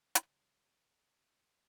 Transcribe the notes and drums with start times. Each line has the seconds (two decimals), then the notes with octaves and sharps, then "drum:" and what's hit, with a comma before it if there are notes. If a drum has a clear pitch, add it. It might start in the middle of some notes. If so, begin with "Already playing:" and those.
0.15 E2 C#3 G3, drum: hi-hat